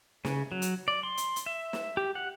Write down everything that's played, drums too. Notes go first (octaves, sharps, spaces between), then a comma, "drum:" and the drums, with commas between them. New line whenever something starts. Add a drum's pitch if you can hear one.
C#3, drum: snare
F#3
drum: hi-hat
D5
C6
drum: hi-hat
drum: hi-hat
E5
drum: snare
G4
F#5